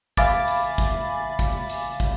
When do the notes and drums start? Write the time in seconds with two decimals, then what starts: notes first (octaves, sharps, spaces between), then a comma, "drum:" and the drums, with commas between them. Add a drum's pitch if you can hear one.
0.17 E5 F5 G#5 B5 D6 A6, drum: kick, hi-hat
0.48 drum: hi-hat
0.78 drum: kick, hi-hat
1.39 drum: kick, hi-hat
1.70 drum: hi-hat
2.00 drum: kick, hi-hat